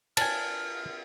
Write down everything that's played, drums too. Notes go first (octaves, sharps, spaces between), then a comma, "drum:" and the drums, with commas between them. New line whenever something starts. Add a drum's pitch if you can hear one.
G#5 A5 F6, drum: cymbal